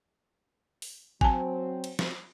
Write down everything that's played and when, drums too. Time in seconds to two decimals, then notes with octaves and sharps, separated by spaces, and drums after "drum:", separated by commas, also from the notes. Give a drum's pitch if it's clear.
0.82 drum: open hi-hat
1.21 F#3 C4 G#5 A5, drum: kick
1.84 drum: cymbal
1.99 drum: snare